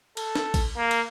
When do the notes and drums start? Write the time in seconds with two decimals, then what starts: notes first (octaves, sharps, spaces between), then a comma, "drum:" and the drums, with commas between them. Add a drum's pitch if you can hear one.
0.17 A4, drum: cymbal
0.35 drum: snare
0.54 drum: kick A1, cymbal
0.77 A#3
0.91 drum: cymbal